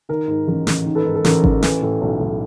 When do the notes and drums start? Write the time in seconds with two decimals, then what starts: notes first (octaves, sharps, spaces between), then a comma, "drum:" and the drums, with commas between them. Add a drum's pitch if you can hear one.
0.09 D#3 A#4
0.28 G#2
0.48 A1
0.67 A1, drum: snare
0.86 D#3
0.95 A4 B4
1.05 G#2 A#4
1.15 A4
1.25 A1 A#4, drum: snare
1.44 A1, drum: kick G#1
1.63 E3 A4, drum: snare
1.82 A2
2.01 B1
2.21 B1